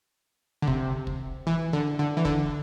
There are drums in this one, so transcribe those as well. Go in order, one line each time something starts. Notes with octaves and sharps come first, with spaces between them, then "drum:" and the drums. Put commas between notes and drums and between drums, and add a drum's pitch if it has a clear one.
D3
C3, drum: kick
drum: kick
E3
D3
D3
E3
D3, drum: kick